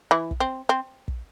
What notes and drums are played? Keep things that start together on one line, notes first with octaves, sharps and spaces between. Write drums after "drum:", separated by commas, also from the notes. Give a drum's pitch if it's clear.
E3 E4
drum: kick
C4
C4
drum: kick